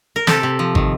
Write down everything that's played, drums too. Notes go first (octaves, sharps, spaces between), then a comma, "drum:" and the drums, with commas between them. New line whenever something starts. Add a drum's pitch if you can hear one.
A#4
C3 G4 A4, drum: snare
C3
F3
D#3, drum: kick